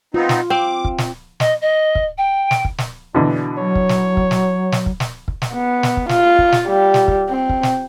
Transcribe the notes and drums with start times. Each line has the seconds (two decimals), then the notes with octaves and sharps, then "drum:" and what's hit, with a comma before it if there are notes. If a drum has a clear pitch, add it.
0.14 B3 C4 D#4 F4
0.29 drum: snare
0.50 C4 D6
0.85 drum: kick
0.98 drum: snare
1.40 D#5, drum: snare
1.61 D#5
1.95 drum: kick
2.17 G5
2.51 drum: snare
2.65 drum: kick
2.78 drum: snare
3.15 B2 D3 E3 D4
3.58 F#3 C#5
3.75 drum: kick
3.89 drum: snare
4.17 drum: kick
4.31 drum: snare
4.72 drum: snare
4.86 drum: kick
5.00 drum: snare
5.28 drum: kick
5.42 drum: snare
5.53 B3
5.83 drum: snare
5.97 drum: kick
6.09 F4, drum: snare
6.39 drum: kick
6.52 drum: snare
6.67 G3
6.94 drum: snare
7.08 drum: kick
7.29 C4
7.49 drum: kick
7.63 drum: snare